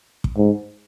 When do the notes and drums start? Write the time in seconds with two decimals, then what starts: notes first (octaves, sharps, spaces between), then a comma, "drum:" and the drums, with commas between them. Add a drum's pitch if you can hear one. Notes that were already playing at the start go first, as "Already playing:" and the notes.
0.24 drum: kick
0.37 G#2